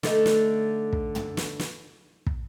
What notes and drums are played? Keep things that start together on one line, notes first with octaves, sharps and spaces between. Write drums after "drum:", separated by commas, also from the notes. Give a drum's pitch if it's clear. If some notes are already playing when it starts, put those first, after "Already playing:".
D3 A3 D#4, drum: snare
drum: snare
drum: kick
drum: tom
drum: snare
drum: snare
drum: kick